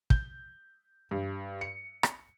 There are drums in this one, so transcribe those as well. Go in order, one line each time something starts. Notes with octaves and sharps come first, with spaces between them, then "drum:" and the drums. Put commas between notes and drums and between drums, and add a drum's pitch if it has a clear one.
G6, drum: kick
G2
C#7
drum: rim click